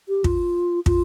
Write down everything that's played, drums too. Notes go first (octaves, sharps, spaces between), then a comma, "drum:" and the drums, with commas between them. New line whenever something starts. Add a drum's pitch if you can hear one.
G4
F4, drum: kick
F4, drum: kick